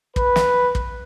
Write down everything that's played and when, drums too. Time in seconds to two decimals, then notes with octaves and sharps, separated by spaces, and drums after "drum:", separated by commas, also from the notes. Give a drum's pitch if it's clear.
0.16 B4, drum: kick
0.36 drum: snare
0.75 drum: kick